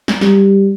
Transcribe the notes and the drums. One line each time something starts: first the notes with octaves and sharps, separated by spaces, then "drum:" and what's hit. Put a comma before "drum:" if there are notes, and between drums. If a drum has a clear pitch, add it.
drum: snare
G3, drum: snare